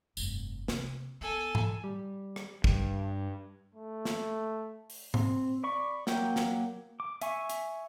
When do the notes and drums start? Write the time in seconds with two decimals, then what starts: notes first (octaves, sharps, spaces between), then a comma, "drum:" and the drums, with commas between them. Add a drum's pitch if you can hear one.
0.17 F1 G2, drum: tambourine
0.68 C3, drum: snare
1.21 B3 A4 G#5
1.55 drum: tom G#2
1.84 G3
2.36 drum: rim click
2.64 G2, drum: kick
3.74 A3
4.05 drum: snare
4.90 drum: open hi-hat
5.14 C4, drum: tom G#2
5.64 D5 B5 C#6
6.07 F#3 A#3 G5, drum: snare
6.36 drum: snare
7.00 D6
7.22 E5 G#5 C#6, drum: hi-hat
7.49 drum: hi-hat